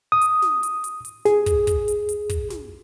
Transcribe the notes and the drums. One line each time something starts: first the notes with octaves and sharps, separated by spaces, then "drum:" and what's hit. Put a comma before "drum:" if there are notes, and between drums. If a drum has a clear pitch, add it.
D#6
drum: hi-hat
drum: snare
drum: hi-hat
drum: hi-hat
drum: hi-hat
G#4, drum: snare
drum: kick, hi-hat
drum: kick, hi-hat
drum: hi-hat
drum: hi-hat
drum: kick, hi-hat
drum: snare